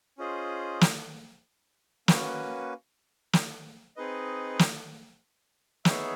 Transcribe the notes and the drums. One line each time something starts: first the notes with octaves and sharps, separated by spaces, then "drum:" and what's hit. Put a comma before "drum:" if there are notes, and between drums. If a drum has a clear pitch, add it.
C#4 F4 G#4 C5 D#5
drum: snare
A#3 C#4 F#4 B4, drum: snare
drum: snare
C4 D#4 G#4 B4 D#5
drum: snare
B3 D#4 G#4 C#5 E5, drum: snare